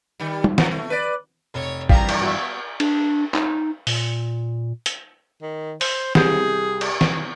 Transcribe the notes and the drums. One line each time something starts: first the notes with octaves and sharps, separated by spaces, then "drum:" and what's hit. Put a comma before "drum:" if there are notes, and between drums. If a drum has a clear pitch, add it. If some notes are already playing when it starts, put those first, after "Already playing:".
D#3 G3
drum: tom
F3, drum: snare
A3
B4 D5
F1 C#5
G2 E3 F3 G3 A#4 F5 A#5 B6, drum: kick
drum: cymbal
B3 F#4 E5
D4, drum: cymbal
D#4, drum: clap
A#2, drum: open hi-hat
drum: hi-hat
D#3
C5, drum: open hi-hat
C2 G#4 G6, drum: snare
drum: cymbal
drum: snare